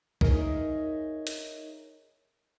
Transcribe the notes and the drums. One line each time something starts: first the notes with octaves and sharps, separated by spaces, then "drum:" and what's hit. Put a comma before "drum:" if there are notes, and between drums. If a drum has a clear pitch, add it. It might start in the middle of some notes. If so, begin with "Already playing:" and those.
D#4 G#4 A#4 C#5 D#5 E5, drum: kick B1
drum: hi-hat